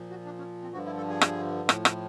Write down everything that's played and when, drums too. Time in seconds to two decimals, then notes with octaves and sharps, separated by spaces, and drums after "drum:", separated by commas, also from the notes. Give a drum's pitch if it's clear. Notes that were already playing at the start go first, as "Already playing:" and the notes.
Already playing: A#2 F3
0.10 F#4
0.25 D4
0.38 C#4
0.62 C4
0.73 G2 D3 F3 F#4
0.86 E4
0.97 A4
1.09 G#4
1.21 drum: rim click
1.69 A2 F3, drum: rim click
1.85 drum: rim click